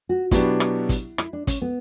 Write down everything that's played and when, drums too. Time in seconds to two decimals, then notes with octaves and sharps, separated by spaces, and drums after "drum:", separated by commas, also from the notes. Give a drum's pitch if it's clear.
0.09 F#4
0.31 B2 F#3 B3 D4 E4 G4, drum: kick, hi-hat
0.60 drum: rim click
0.89 drum: kick, hi-hat
1.18 E4, drum: rim click
1.33 D4
1.47 C#4, drum: kick, hi-hat
1.62 B3